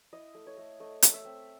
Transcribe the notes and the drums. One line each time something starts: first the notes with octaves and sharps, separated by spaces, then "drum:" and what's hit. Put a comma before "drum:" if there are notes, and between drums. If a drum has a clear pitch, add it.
E4 D#5
A3
C#5
A3
A3 D#5
A3, drum: hi-hat
E5
C4